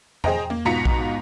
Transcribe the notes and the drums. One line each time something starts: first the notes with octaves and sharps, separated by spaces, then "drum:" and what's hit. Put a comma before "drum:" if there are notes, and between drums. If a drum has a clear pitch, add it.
G#4 C5 D#5 G5 A#5, drum: tom E2
A#3
G#2 B2 F4 A#5 B6 C#7
drum: kick A#1